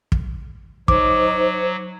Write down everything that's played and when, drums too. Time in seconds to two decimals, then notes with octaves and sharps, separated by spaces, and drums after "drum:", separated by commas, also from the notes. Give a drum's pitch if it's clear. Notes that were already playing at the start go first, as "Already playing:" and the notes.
0.12 drum: kick
0.88 F#3 D#4 C5 D6, drum: kick